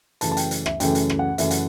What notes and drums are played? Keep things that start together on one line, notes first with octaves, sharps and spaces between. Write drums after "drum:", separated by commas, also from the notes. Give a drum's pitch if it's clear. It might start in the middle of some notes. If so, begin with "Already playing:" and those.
F#2 C#3 E3 A3 A5, drum: hi-hat
A5
G5, drum: hi-hat
drum: hi-hat
E5, drum: rim click
F#2 C#3 E3 A3 G5, drum: hi-hat
drum: hi-hat
drum: rim click
F#5
F#2 C#3 E3 A3 E5, drum: hi-hat
F#5, drum: hi-hat